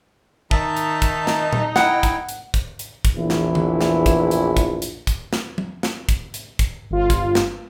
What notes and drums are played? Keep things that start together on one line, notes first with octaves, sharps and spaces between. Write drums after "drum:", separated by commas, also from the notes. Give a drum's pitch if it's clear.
D#3 D#4 E5 A5, drum: kick
drum: hi-hat
drum: kick, hi-hat
drum: snare
drum: tom A#2
E4 F#5 G5, drum: snare
drum: kick, hi-hat
drum: hi-hat
drum: kick, hi-hat
drum: hi-hat
drum: kick, hi-hat
A#1 E2 E3 E4
drum: snare
drum: tom D3
drum: snare
drum: kick, hi-hat
drum: hi-hat
drum: kick, hi-hat
drum: hi-hat
drum: kick, hi-hat
drum: snare
drum: tom F3
drum: snare
drum: kick, hi-hat
drum: hi-hat
drum: kick, hi-hat
G1 F4
drum: kick, hi-hat
drum: snare